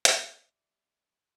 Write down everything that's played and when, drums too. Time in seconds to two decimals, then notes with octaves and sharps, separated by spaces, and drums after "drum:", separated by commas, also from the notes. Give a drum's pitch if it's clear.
0.05 G4 D5 E5 F#5 D6 E6, drum: hi-hat